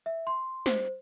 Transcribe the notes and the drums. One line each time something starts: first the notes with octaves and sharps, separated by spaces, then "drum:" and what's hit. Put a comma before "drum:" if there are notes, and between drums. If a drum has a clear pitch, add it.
E5
C6
C5, drum: snare